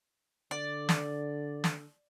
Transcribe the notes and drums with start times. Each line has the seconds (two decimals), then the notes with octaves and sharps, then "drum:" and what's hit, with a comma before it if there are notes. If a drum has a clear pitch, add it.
0.51 D3 D5
0.89 drum: snare
1.64 drum: snare